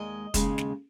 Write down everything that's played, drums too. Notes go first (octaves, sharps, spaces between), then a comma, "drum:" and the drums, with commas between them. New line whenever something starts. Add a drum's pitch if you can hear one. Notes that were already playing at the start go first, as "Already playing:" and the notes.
Already playing: D#2 G#3 D#5
D#2 C#3 G#3, drum: kick, hi-hat
drum: snare